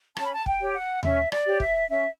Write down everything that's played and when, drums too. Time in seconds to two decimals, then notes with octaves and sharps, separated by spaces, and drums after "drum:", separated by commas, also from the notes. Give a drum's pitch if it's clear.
0.17 C#4 A5, drum: rim click
0.25 B5
0.33 A5
0.46 G5, drum: kick
0.60 G4 C#5
0.74 F#5
1.03 C#4 E5, drum: tom D#2
1.32 D5, drum: rim click
1.46 G4 C#5
1.60 E5, drum: kick
1.89 C#4 E5